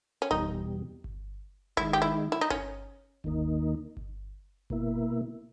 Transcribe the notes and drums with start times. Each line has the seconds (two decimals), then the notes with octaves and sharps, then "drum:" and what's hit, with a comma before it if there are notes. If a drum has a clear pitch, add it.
0.22 C#4
0.31 E2 B2 G3 D#4, drum: kick G1
1.04 drum: kick G1
1.77 D#3 G#3 D#4 E4, drum: kick G1
1.93 G4
2.02 E4
2.32 E4
2.41 D#4
2.50 C#4, drum: kick G1
3.24 D#2 D#3 A#3 D#4, drum: kick G1
3.97 drum: kick G1
4.70 B2 A#3 E4, drum: kick G1